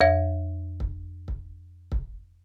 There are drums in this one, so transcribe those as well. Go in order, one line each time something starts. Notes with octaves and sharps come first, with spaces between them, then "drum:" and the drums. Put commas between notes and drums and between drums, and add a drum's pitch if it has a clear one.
F2 C#5 E5
drum: kick
drum: kick
drum: kick